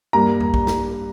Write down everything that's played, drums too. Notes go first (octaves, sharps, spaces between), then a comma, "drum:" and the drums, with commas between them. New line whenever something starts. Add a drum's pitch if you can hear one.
G2 G3 A#3 A#5
drum: tom E2
drum: kick
drum: snare